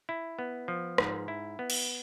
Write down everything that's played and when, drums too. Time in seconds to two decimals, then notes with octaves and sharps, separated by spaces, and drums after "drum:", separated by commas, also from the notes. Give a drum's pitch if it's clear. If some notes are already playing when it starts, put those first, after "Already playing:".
0.09 E4
0.39 B3
0.68 F3
0.98 G#2, drum: rim click
1.28 E4
1.59 B3
1.70 drum: cymbal